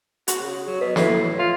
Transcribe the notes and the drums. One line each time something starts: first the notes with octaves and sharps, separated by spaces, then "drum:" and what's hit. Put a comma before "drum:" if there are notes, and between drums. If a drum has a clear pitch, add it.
F#4, drum: hi-hat
C#3
F#3
B2
A2, drum: snare
F4